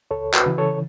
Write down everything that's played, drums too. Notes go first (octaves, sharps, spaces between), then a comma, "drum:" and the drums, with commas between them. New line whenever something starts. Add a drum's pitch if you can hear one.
C#2 A4 C#5
F#4 B4, drum: clap
C#3 E3
A4 C#5